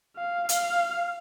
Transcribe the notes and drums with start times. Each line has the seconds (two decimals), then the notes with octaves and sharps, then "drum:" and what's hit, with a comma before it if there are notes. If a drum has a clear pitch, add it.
0.17 F5
0.49 F5, drum: hi-hat